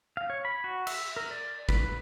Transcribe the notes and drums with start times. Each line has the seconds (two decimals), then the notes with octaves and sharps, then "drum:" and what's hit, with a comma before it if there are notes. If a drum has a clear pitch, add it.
0.17 F5
0.30 C#5
0.45 B5
0.64 F#4
0.87 E5, drum: cymbal
1.16 A#4
1.31 D5
1.69 B4, drum: kick